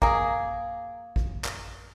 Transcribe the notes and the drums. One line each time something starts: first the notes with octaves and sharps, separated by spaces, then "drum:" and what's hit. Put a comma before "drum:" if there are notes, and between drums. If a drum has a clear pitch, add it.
A#3 G#4, drum: kick A1
drum: kick A1
drum: clap